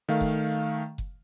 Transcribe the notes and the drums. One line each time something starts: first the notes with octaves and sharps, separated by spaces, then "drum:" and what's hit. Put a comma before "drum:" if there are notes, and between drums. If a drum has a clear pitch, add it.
D#3 A3 F5
drum: kick F#1
drum: kick F#1